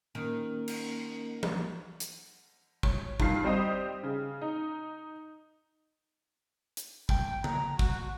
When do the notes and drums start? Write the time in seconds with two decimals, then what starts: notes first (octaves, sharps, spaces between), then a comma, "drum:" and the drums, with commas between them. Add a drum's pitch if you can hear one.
0.15 D#3 A#3 C#4 A#4
0.68 drum: cymbal
1.43 drum: tom E3
2.00 drum: hi-hat
2.83 C#5, drum: kick
3.20 G2 D#3 F4 C7, drum: kick
3.44 G3 C4 G4 C5 D#5
4.03 C#3
4.41 D#4
6.77 drum: hi-hat
7.09 G5, drum: kick
7.44 A#5, drum: tom C#3
7.79 F#4, drum: kick